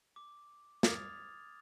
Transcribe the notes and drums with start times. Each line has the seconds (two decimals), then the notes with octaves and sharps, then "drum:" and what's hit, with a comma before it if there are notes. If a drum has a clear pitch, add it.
0.16 D6
0.83 D6 D#6 F6 G#6 A6 F7, drum: snare